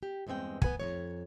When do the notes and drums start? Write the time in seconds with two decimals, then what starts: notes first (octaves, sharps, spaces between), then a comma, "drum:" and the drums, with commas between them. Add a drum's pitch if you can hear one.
0.03 G4
0.27 E2 G2 G#3 C4 G5
0.62 B3 B4 F#5 G#5, drum: kick
0.80 F2 G#3 C#5